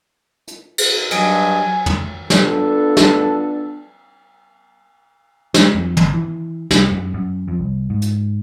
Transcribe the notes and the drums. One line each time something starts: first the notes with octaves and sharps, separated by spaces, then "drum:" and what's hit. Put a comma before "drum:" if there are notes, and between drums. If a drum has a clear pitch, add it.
drum: hi-hat
drum: cymbal
G2 F#3 D#5 G#5, drum: cymbal
drum: tom
B3 D4 F4 A4, drum: snare
drum: snare
G#3, drum: snare
F2
G1, drum: tom
E3
C2, drum: snare
F#2
F#2
F2
C2
G#2
drum: hi-hat